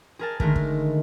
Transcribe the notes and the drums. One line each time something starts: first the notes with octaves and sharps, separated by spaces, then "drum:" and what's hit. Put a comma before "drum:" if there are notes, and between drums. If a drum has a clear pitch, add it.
G#4 A#4 A5
D3 D#3 G#3 A3 A#4, drum: kick
drum: kick